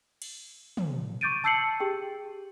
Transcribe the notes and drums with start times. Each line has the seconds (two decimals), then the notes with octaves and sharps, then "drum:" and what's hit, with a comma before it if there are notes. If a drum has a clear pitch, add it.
0.22 drum: cymbal
0.77 drum: tom
1.21 C#6 D6 G6 A6 D7 D#7
1.44 A5 E6 G6 C7 C#7 F#7
1.80 G4 G#4 G5